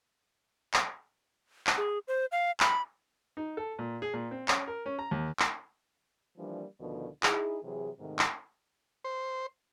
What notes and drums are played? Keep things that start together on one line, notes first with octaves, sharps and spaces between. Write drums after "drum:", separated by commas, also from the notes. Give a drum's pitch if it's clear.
drum: clap
drum: clap
G#4
C5
F5
B5, drum: clap
D#4
A4
A#2
G#4
A#2
C4
C#4, drum: clap
A#4
C#4
A#5
D#2
drum: clap
E3 F3 G3 A#3 D4
D2 B2 D3 D#3 F3
D#4 E4 G#4, drum: clap
C3 E3 F#3 G#4
G#2 C3 D#3 A3
drum: clap
C5